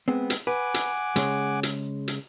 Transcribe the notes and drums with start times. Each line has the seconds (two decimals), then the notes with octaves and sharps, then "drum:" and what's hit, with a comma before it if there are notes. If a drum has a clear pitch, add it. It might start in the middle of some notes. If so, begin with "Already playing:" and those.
0.08 G#3 B3 C4
0.30 drum: hi-hat
0.47 B4 F#5 G#5 D6
0.74 drum: hi-hat
1.16 C#3 G#3, drum: hi-hat
1.63 drum: hi-hat
2.08 drum: hi-hat